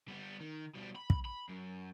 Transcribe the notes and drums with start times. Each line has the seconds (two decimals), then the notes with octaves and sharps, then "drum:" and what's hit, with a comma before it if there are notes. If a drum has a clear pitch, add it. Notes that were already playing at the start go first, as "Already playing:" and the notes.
0.08 G3 B3
0.40 D#3
0.75 B2 G3
0.95 B5
1.10 drum: kick
1.25 B5
1.49 F#2